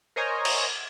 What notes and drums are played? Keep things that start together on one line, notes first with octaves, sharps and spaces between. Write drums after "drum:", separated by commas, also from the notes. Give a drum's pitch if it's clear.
A#4 C5 C#5 D#5 G#5 A#5
drum: cymbal